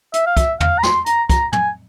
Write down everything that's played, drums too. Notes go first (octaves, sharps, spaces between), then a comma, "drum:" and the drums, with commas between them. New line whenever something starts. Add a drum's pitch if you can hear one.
E5, drum: hi-hat
F5
E5, drum: kick, hi-hat
F5, drum: tom
A#5
C6, drum: snare
A#5, drum: hi-hat
A#5, drum: kick, hi-hat
G#5, drum: tom